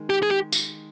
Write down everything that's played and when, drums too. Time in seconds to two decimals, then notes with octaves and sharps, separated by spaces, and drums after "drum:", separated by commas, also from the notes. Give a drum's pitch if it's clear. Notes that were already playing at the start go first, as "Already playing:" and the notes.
Already playing: D#3 G#3
0.10 G4
0.23 G#4
0.31 G4
0.52 drum: tambourine